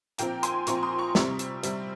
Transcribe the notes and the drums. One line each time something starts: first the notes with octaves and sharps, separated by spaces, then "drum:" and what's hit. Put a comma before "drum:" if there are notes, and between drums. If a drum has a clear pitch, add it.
A#2 F3 C4 G5 A#5, drum: hi-hat
G#5 C6, drum: hi-hat
A#2 F3 C4 A#5 C#6, drum: hi-hat
C6 D#6
A#5 C#6
C3 G3 C4, drum: snare
drum: hi-hat
C3 G3 C4, drum: hi-hat